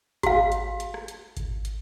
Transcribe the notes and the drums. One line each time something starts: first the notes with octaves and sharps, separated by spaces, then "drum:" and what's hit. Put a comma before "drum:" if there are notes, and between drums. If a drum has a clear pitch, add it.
F#4 F5, drum: kick G#1, hi-hat
drum: hi-hat
drum: hi-hat
drum: rim click
drum: hi-hat
drum: kick G#1, hi-hat
drum: hi-hat